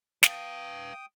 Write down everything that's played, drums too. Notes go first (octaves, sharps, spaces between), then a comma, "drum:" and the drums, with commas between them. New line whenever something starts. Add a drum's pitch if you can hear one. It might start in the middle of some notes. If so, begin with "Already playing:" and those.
B4 F5 G5 D#6, drum: snare